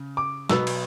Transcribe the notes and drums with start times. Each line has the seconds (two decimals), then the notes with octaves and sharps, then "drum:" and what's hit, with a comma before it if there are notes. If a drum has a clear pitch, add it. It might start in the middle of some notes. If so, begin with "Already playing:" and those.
Already playing: C#3
0.17 D6
0.49 B2 F#3 B3 E6, drum: snare
0.67 drum: cymbal